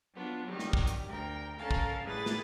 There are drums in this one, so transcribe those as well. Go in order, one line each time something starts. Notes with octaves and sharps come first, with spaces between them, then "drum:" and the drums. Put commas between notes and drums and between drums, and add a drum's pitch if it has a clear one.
F#3 B3 D4 F4
C3 D#3 F#3 G3
drum: snare
drum: kick
drum: hi-hat
D2 A#4 G5
C#4 A4 A#4 F5 G#5 A5
drum: kick
A2 G3 G#4 B4 F#6 A6
drum: snare